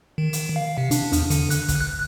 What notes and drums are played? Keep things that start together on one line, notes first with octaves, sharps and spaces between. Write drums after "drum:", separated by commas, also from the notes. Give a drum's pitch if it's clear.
D#3
drum: hi-hat
F5
C3
D4, drum: hi-hat
E2, drum: hi-hat
D3, drum: hi-hat
F#6, drum: hi-hat
drum: kick, hi-hat
F#6